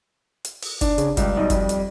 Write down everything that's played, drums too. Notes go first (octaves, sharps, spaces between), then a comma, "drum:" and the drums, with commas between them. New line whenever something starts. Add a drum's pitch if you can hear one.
drum: hi-hat
drum: open hi-hat
D4, drum: kick, hi-hat
C#3, drum: hi-hat
C#2 G3, drum: kick, hi-hat
B1 D#4
F2, drum: kick, hi-hat
drum: hi-hat